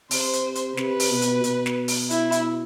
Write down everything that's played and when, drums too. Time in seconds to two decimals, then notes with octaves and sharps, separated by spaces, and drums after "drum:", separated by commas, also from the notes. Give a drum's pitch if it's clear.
0.11 C3 C5, drum: open hi-hat
0.33 drum: hi-hat
0.55 drum: hi-hat
0.77 C3 B4, drum: snare
1.00 drum: open hi-hat
1.10 B2
1.22 drum: hi-hat
1.44 B2, drum: hi-hat
1.66 drum: snare
1.88 drum: open hi-hat
2.10 E4, drum: hi-hat
2.32 drum: hi-hat